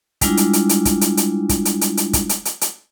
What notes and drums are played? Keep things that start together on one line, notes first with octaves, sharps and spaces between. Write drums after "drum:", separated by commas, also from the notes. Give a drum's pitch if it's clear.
G3 G#3 D4 E4 F4, drum: kick, hi-hat
drum: hi-hat
drum: hi-hat
drum: hi-hat
drum: kick, hi-hat
drum: hi-hat
drum: hi-hat
drum: kick, hi-hat
drum: hi-hat
drum: hi-hat
drum: hi-hat
drum: kick, hi-hat
drum: hi-hat
drum: hi-hat
drum: hi-hat